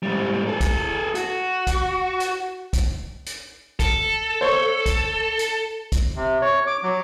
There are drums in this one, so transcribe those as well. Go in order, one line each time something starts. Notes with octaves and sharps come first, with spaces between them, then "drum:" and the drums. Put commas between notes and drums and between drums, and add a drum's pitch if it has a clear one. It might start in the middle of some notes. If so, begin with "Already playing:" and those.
G#2 G3
G#4 A4
drum: kick, hi-hat
F#4, drum: hi-hat
drum: kick, hi-hat
drum: hi-hat
drum: kick, hi-hat
drum: hi-hat
A4, drum: kick, hi-hat
C5 C#5
drum: kick, hi-hat
drum: hi-hat
drum: kick, hi-hat
C3
C#5
D6
F#3